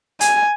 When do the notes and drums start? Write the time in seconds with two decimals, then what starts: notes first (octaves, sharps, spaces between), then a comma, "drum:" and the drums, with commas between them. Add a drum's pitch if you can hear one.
0.21 G#5, drum: hi-hat